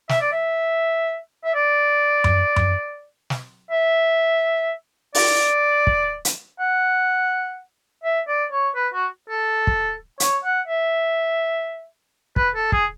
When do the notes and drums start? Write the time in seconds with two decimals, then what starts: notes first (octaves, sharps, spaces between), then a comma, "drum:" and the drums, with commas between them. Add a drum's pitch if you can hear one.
0.09 E5, drum: snare
0.21 D5
0.32 E5
1.44 E5
1.54 D5
2.24 drum: tom F#2
2.56 drum: tom F#2
3.30 drum: snare
3.71 E5
5.15 D5, drum: open hi-hat
5.87 drum: kick
6.25 drum: hi-hat
6.59 F#5
8.03 E5
8.27 D5
8.52 C#5
8.75 B4
8.93 F#4
9.30 A4
9.67 drum: kick
10.20 C#5, drum: hi-hat
10.44 F#5
10.68 E5
12.36 B4, drum: kick
12.55 A4
12.72 G#4, drum: kick